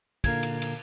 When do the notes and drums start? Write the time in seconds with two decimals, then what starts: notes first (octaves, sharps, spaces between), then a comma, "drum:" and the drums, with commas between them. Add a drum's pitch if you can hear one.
0.24 A#2 D3 A#3 A#4 F5 G#6, drum: kick, cymbal
0.43 drum: cymbal
0.62 drum: cymbal